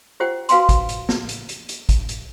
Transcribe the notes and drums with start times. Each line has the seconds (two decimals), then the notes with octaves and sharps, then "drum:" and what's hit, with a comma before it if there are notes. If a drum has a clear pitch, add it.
0.20 F4 G4 C5 F#5 G5
0.49 F#4 B4 F5 G5 G#5 C6, drum: hi-hat
0.69 drum: kick, hi-hat
0.89 drum: hi-hat
1.09 drum: snare A#3
1.29 drum: hi-hat
1.49 drum: hi-hat
1.69 drum: hi-hat
1.89 drum: kick, hi-hat
2.09 drum: hi-hat